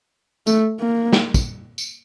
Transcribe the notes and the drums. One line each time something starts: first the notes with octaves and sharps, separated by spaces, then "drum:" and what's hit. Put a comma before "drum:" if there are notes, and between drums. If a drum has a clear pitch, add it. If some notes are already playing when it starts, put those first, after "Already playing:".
A3, drum: tambourine
A#3
drum: snare
drum: kick, tambourine
drum: tambourine